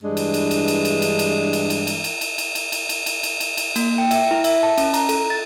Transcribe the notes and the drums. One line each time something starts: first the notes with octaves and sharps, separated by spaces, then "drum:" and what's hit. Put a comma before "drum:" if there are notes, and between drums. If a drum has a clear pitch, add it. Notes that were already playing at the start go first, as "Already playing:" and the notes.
G2 E3 G#3 D4
drum: cymbal
drum: cymbal
drum: cymbal
drum: cymbal
drum: cymbal
drum: cymbal
drum: cymbal
drum: cymbal
drum: cymbal
drum: cymbal
drum: cymbal
drum: cymbal
drum: cymbal
drum: cymbal
drum: cymbal
drum: cymbal
drum: cymbal
drum: cymbal
drum: cymbal
drum: cymbal
A#3, drum: cymbal
G5
E5, drum: cymbal
E4
E5, drum: cymbal
A5
C#4, drum: cymbal
A#5, drum: cymbal
A4, drum: cymbal
A6